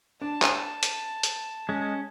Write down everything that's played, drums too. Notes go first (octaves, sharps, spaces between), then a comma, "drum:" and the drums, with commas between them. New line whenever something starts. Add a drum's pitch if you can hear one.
D4 A5
drum: clap
drum: hi-hat
drum: hi-hat
G#3 C#4